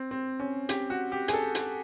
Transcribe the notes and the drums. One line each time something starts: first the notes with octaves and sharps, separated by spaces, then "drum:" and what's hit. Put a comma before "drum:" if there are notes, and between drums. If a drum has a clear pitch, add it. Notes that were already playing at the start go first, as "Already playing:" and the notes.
Already playing: C4
C4
C#4
G4, drum: hi-hat
F#4
G4
G#4, drum: hi-hat
A4
drum: hi-hat